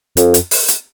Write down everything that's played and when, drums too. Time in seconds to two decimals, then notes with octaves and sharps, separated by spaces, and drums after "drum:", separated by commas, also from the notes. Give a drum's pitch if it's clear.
0.17 F2, drum: hi-hat
0.34 drum: hi-hat
0.51 drum: open hi-hat
0.68 drum: hi-hat